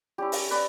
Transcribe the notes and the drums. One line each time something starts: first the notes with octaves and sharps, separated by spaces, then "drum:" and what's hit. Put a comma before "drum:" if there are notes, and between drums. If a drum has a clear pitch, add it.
G3 C#4 E4 G4
drum: open hi-hat
B4 D5